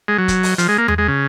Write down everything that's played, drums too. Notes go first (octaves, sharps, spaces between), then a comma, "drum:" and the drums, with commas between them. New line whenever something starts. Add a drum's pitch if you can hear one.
G#3
F#3
drum: kick, hi-hat
drum: open hi-hat
F3, drum: hi-hat
G#3
A#3
G#3, drum: tom E2
G#3
C#3